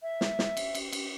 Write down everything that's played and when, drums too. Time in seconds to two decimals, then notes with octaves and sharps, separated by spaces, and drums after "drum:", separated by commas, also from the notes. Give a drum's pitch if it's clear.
0.02 E5
0.21 drum: snare
0.39 drum: snare
0.57 drum: cymbal
0.75 drum: cymbal
0.92 drum: cymbal